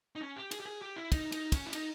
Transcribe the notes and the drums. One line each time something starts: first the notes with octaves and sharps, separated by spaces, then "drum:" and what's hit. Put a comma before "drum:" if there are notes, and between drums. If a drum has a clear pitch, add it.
D#4
C#4
G4
G#4, drum: cymbal
G4
G#4
G4
E4
D#4, drum: kick, cymbal
D#4, drum: cymbal
C#4, drum: kick, cymbal
E4
D#4, drum: cymbal